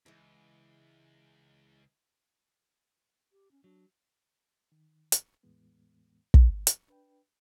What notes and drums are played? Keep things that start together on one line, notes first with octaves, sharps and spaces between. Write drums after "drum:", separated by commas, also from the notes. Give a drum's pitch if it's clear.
C#2 E3 G#3
G4
C#4
F#3 D4
D#3
drum: hi-hat
E2 A2 E3 G#3 B3
drum: kick
G#2 F3
drum: hi-hat
D4 B4 G5